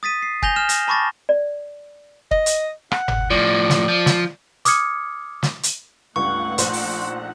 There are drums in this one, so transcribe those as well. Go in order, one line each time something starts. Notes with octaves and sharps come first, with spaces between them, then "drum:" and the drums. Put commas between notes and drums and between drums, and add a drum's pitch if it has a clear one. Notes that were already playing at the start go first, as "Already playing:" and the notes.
D#6 A6 B6 D#7
C7
G#5 G6 A#6 F7 G7, drum: kick
F6 E7
A#6, drum: hi-hat
A5 B5 C#6 D6 A6 A#6
D5
D#5, drum: kick
drum: hi-hat
F#5, drum: rim click
drum: tom G1
A2 F3 D5
drum: snare
F3
drum: snare
D6 D#6 F6 G#6 C#7, drum: hi-hat
drum: snare
drum: hi-hat
C#2 G2 A3 D#4 F#5 C#6
A#1 C5 C6, drum: hi-hat
drum: open hi-hat